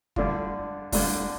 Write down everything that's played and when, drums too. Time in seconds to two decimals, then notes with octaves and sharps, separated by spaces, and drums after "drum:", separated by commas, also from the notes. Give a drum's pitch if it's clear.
0.16 G2 D3 G3 D4 F4, drum: kick
0.92 G2 D3 G3 D4 F4, drum: kick, open hi-hat